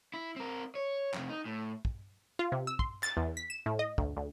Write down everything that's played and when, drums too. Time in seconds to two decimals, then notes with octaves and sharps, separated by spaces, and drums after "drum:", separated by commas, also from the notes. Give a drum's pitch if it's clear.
0.14 E4
0.36 C4 A#4
0.75 C#5
1.14 F2 C3, drum: clap
1.29 D#4
1.46 A2
1.85 drum: kick
2.39 F4
2.52 C3
2.67 E6
2.79 C6, drum: kick
3.03 A6, drum: clap
3.17 E2
3.37 B6
3.50 E7
3.66 A2
3.79 D#5
3.98 D2, drum: kick
4.17 D2